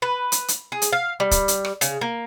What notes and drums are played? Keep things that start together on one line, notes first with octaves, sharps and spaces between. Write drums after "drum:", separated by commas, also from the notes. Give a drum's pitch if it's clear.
B4
drum: hi-hat
drum: hi-hat
G#4
drum: hi-hat
F5
G3
drum: kick, hi-hat
drum: hi-hat
drum: rim click
C#3, drum: hi-hat
A#3